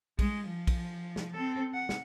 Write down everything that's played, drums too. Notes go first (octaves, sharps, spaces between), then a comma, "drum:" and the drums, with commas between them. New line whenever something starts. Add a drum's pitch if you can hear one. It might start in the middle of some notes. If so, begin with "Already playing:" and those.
G#3, drum: kick, cymbal
F3
drum: kick, cymbal
drum: snare
C4 A4
F#5
drum: snare